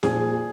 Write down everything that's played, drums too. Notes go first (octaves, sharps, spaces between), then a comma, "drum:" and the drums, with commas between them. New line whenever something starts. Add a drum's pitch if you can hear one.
A#2 F3 G#4, drum: snare